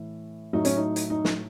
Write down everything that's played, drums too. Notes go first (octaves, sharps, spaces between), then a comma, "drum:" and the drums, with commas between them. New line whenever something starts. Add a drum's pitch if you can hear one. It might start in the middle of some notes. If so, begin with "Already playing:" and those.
Already playing: A2 E3
A2 F#3 D#4
C#4, drum: hi-hat
D#4
drum: hi-hat
D#4
drum: snare